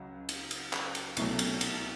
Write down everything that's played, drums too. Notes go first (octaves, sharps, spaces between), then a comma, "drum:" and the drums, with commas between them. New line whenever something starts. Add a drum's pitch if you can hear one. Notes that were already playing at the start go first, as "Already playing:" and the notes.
Already playing: C#2 C#3 F#3
drum: cymbal
drum: cymbal
drum: clap
drum: cymbal
C2 B2 F#3 A3 C#4, drum: cymbal
drum: cymbal
drum: cymbal